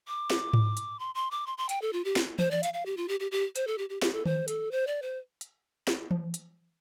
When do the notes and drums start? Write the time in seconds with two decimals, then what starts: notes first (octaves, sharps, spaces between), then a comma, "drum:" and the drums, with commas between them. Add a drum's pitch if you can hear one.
0.08 D6
0.30 drum: snare
0.53 drum: tom G#2
0.77 drum: hi-hat
0.99 C6
1.15 C6
1.31 D6
1.47 C6
1.58 C6
1.69 G5, drum: hi-hat
1.82 A4
1.93 F4
2.05 G4
2.16 drum: snare
2.39 C5, drum: tom E3
2.51 D5
2.63 F5, drum: hi-hat
2.74 F5
2.86 G4
2.97 F4
3.08 G4
3.20 G4
3.31 G4
3.56 C5, drum: hi-hat
3.67 A4
3.78 G4
3.90 G4
4.02 G4, drum: snare
4.13 A4
4.26 C5, drum: tom D#3
4.48 A4, drum: hi-hat
4.71 C5
4.87 D5
5.02 C5
5.41 drum: hi-hat
5.87 drum: snare
6.11 drum: tom E3
6.34 drum: hi-hat